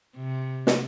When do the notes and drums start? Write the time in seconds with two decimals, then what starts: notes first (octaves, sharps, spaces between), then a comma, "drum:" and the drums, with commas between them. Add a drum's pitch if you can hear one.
0.16 C3
0.67 drum: snare